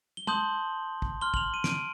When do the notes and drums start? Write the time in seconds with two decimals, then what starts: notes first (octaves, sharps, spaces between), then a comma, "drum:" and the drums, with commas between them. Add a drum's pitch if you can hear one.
0.17 G7
0.27 A5 C6 D#6 G6 F#7, drum: tom
1.02 drum: kick
1.21 C6 F6 G7
1.34 F#7, drum: kick
1.37 F7
1.54 D#7
1.64 D7, drum: snare
1.69 D#7